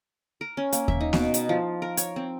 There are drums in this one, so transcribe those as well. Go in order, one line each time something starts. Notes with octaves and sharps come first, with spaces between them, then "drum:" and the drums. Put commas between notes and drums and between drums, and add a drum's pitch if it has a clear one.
A#4
C#4
A#3, drum: hi-hat
E5, drum: kick D#2
D#4
B2, drum: snare A#3
D#4, drum: hi-hat
F3
A#4
C#5, drum: hi-hat
C4